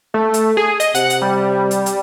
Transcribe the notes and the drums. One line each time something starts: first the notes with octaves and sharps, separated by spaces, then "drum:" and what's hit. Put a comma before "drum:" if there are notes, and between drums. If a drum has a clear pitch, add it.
A3 A4
drum: hi-hat
G#4
D#5, drum: hi-hat
C3 F#5, drum: hi-hat
drum: hi-hat
G3
drum: hi-hat
drum: hi-hat